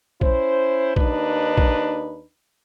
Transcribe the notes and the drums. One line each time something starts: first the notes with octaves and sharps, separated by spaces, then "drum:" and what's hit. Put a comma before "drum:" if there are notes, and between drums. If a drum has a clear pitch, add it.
C#4 E4 C5, drum: kick A#1
D#2 D4 D#4 B4, drum: kick A#1
drum: kick A#1